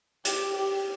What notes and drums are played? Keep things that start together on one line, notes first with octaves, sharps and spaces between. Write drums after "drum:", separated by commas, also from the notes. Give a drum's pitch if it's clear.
G4, drum: hi-hat
G4